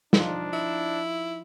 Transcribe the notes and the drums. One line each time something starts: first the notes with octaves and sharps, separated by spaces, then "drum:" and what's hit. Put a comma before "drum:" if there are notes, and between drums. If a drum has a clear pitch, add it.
F3 D4 D#4 F4, drum: snare
E4